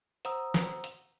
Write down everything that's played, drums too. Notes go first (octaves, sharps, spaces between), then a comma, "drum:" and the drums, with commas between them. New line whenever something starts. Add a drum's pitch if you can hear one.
C5 F#5 A#5 D#6 E6, drum: hi-hat
drum: snare
drum: hi-hat